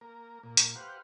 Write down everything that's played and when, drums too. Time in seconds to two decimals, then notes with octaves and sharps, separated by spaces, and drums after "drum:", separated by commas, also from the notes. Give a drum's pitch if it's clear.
0.01 A#3 A#4
0.43 A#2 A#3
0.57 drum: hi-hat
0.76 G4 B4 C5 F5 F#5